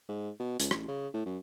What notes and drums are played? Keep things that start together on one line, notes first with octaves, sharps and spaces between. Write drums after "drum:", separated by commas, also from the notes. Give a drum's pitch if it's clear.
G#2
B2
C#2, drum: hi-hat
A1, drum: rim click
C#3
A2
F#2